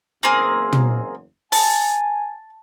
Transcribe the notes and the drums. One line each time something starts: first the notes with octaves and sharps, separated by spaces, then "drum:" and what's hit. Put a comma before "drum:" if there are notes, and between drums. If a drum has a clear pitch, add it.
F#1 E2 A#3 C4 G#4
drum: tom
G#5 A5, drum: open hi-hat